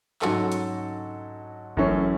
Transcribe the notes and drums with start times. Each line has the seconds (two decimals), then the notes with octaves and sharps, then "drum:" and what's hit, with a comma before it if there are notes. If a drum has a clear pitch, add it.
0.22 G#2 F#3 C#4 F#4 A4, drum: clap
0.52 drum: hi-hat
1.77 F#2 E3 A3 C#4, drum: kick G1